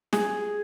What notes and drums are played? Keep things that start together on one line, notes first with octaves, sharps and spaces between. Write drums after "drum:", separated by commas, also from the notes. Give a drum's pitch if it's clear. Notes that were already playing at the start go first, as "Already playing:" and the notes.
G#4, drum: snare